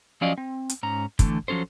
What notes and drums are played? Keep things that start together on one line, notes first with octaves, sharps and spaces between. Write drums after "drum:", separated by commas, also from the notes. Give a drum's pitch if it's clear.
F3 F#3 C#4 D5 D#5 F5
C4
drum: hi-hat
G#2 C#4 A#5
D3 E3 A3, drum: kick, hi-hat
F3 F#3 C#4 A4 C5